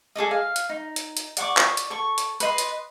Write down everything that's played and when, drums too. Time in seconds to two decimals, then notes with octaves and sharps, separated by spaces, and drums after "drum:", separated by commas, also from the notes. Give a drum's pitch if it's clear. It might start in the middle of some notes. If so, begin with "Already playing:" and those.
0.15 G#4 A4 D5 D#5
0.31 F5
0.56 drum: hi-hat
0.69 D#4
0.96 drum: hi-hat
1.17 drum: hi-hat
1.37 D5 F#5 C#6 D6, drum: hi-hat
1.57 drum: clap
1.77 drum: hi-hat
1.90 A4 C#6
2.18 drum: hi-hat
2.40 B4 D#5 C6, drum: hi-hat
2.58 drum: hi-hat